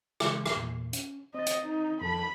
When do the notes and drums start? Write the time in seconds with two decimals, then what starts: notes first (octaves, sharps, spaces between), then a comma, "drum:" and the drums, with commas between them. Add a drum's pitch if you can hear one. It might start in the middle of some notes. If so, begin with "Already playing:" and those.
0.20 C#3 E3 G#3, drum: rim click
0.46 drum: rim click
0.56 E2 A#2
0.93 C#4, drum: hi-hat
1.34 C4 D#5 A6
1.47 drum: hi-hat
1.67 D#4
2.01 F2 A4 A5 B5